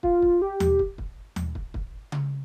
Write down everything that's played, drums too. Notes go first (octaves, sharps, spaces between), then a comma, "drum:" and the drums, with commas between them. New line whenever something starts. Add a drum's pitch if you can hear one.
F4, drum: kick
drum: kick
G4
drum: tom D#2
drum: kick
drum: kick
drum: tom D#2
drum: kick
drum: kick
drum: tom C#3